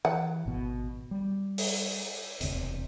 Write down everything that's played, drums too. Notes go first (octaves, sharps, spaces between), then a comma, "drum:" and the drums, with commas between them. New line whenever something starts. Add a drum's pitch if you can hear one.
E3 F#5
G#1 B2
G3
drum: open hi-hat
E1 D2 C3, drum: hi-hat